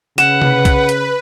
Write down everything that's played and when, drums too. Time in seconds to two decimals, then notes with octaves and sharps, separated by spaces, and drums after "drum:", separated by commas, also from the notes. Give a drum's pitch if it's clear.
0.18 C#3 B4 F#5 E7, drum: hi-hat
0.42 drum: tom C3
0.65 drum: kick B1, hi-hat
0.89 drum: hi-hat